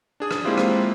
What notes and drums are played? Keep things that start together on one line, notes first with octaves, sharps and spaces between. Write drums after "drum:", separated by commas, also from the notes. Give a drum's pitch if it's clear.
D4 G#4 D#6
drum: rim click
G#3 A#3 C4 E4 F4 G4
drum: rim click